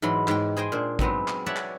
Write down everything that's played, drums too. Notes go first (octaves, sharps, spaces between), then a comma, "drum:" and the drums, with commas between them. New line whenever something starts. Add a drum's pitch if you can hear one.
G#2 E3 F#3 B5 C6
G#2 G5, drum: clap
G#4 C5 D#5 G5 G#5
A#2 D4 C5
F#3 G#3 B3 C4 D#4, drum: kick
drum: clap
C#5 D5 E5 F#5 A5
drum: clap